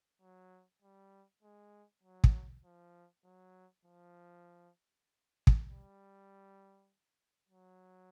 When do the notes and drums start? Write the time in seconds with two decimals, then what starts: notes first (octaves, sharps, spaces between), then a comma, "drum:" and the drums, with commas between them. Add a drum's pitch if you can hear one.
0.22 F#3
0.82 G3
1.43 G#3
2.03 F#3
2.24 drum: kick
2.65 F3
3.25 F#3
3.85 F3
5.47 drum: kick
5.68 G3
7.49 F#3